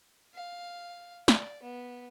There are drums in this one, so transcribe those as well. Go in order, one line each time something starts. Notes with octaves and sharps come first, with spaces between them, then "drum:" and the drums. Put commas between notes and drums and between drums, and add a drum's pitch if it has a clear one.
F5
D5, drum: snare
B3